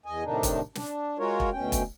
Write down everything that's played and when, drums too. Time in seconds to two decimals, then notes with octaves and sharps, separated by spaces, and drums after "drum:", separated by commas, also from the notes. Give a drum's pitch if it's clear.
0.06 E2 D#5 G#5
0.24 A2 C3 D#3 D4 D#4
0.43 drum: kick, hi-hat
0.75 D4, drum: snare
1.19 G#3 F4 F#4 A#4 C#5
1.40 drum: kick
1.53 D2 B2 C#4 G5
1.72 drum: kick, hi-hat